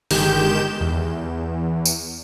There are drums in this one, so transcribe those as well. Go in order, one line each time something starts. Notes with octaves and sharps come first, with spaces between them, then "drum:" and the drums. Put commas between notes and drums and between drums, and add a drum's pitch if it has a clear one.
G1 D#3 G#3 G4 G6 E7, drum: open hi-hat
E2
drum: tambourine